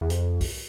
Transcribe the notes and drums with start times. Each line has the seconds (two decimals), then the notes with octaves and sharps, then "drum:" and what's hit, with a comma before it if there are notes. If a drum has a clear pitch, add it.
0.01 E2
0.10 F2, drum: hi-hat
0.41 drum: kick, open hi-hat